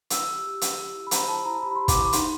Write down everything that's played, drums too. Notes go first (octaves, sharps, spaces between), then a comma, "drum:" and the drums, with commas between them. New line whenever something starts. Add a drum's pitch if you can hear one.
E4 E6, drum: hi-hat
G4
G4
G4, drum: hi-hat
G4
E4
B5
C5 A#5, drum: hi-hat
E4 A5
E4 A#5
G4 B5
G4 C6
D6, drum: kick, hi-hat
E4 C#6
D#4 C6, drum: hi-hat